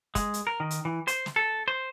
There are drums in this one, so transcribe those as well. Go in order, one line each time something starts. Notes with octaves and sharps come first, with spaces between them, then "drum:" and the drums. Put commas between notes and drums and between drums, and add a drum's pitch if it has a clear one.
G#3, drum: kick, hi-hat
drum: hi-hat
A#4
D#3
drum: hi-hat
E3
C5, drum: hi-hat
drum: snare
A4
C5